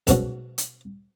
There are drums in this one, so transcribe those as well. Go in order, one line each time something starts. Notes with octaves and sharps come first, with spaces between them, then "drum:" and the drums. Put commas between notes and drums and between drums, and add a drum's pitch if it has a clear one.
B1 G#2 B2 C#4 F#4, drum: kick, hi-hat
drum: hi-hat